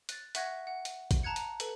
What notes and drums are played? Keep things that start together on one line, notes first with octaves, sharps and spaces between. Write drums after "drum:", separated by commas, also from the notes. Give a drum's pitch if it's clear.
F#6 A6, drum: hi-hat
E5 F#5 C#6 F#6 G#6 A#6, drum: hi-hat
F#5
drum: hi-hat
drum: kick A1, hi-hat
A5 A#5 F#6 G#6 C#7
drum: hi-hat
A4 B4, drum: hi-hat